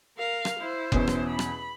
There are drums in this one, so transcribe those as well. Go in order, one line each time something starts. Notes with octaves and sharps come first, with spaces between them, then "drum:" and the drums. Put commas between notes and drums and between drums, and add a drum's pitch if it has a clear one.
A#4 F5
drum: rim click
E4 C5
E2 B2 C#4, drum: kick F#1
drum: rim click
B5
drum: rim click